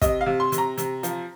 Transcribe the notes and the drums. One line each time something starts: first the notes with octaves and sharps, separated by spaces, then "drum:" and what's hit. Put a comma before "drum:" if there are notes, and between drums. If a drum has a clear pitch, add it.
C3 D#5, drum: kick, hi-hat
F5
C3
C6
C3, drum: hi-hat
A#5
C3, drum: hi-hat
F3, drum: hi-hat